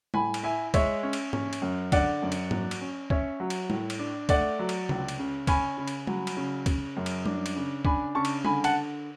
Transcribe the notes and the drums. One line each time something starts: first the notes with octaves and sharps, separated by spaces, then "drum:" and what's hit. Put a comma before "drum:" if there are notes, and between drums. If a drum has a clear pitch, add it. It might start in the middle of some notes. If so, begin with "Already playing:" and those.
A2 G#5 B5, drum: tom G3
drum: cymbal
E4 E5 G#5
G#3 C#5 E5, drum: kick C#2, cymbal
C#4
drum: cymbal
C#4, drum: tom
drum: cymbal
F#2
D3 D5 F#5, drum: kick C#2, cymbal
F#2
drum: cymbal
F#3, drum: tom
drum: cymbal
C#4
C#4 C#5 E5, drum: kick C#2
F#3
drum: cymbal
A2, drum: tom G3
drum: cymbal
D4
A3 D5 F#5, drum: kick C#2, cymbal
F#3
drum: cymbal
C#2, drum: tom
drum: cymbal
C#3
C#4 G#5 B5, drum: kick C#2, cymbal
C#3
drum: cymbal
F#3, drum: tom G3
drum: cymbal
C#3
C#3, drum: kick C#2, cymbal
F#2
drum: cymbal
D4, drum: tom G3
drum: cymbal
C#3
D4 G#5 B5, drum: kick C#2
C#3 A5 C#6
drum: cymbal
D3 G#5 B5, drum: tom G3
F#5 A5, drum: cymbal